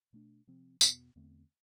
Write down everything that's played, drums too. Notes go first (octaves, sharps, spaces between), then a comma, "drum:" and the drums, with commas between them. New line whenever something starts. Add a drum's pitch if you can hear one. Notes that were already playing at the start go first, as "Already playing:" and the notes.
B2 A3 D4
C3 F3 C4
E2 B2 B3, drum: tambourine
E2 D3 A3 C4